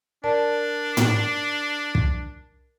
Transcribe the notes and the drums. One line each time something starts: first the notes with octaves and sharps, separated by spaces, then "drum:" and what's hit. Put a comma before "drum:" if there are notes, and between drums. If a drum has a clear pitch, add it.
D4 A#4 D5 A5
drum: tom
drum: kick